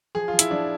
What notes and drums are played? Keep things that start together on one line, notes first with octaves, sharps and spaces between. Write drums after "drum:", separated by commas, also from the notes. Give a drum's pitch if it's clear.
F3 G#4
F4
F3
E4, drum: hi-hat
F3 D4